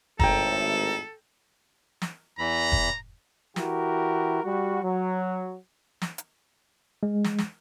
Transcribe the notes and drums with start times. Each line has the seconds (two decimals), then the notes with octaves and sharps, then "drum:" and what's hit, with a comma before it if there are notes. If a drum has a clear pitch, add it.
0.20 G#1 A2 A4 G5 A#5, drum: kick
2.02 drum: snare
2.39 E2 E3 A#5 B5
2.72 drum: kick
3.56 E3 E4 F#4 G4 A#4, drum: snare
4.43 G3 F#4
4.83 F#3
6.02 drum: snare
6.18 drum: hi-hat
7.03 G#3
7.24 drum: snare
7.38 drum: snare